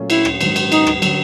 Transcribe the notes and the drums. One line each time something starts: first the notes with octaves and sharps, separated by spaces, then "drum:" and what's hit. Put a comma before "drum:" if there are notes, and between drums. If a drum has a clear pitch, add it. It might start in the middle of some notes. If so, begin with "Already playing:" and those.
Already playing: A#2 F#3 A3 C#4 F4
E4, drum: cymbal
drum: rim click
G#2 D#3 F#3, drum: cymbal
drum: cymbal
D#4, drum: cymbal
drum: rim click
D3 F#3, drum: cymbal